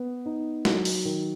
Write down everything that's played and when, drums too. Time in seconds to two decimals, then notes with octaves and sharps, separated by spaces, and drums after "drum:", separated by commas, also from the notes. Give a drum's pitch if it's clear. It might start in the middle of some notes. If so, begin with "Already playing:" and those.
Already playing: B3
0.26 D#4
0.65 F#3, drum: snare
0.85 drum: open hi-hat
1.05 D#3